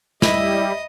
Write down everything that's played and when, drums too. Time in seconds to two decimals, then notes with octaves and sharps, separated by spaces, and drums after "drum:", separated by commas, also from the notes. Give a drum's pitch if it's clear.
0.22 G3 E4 D#5 E5, drum: snare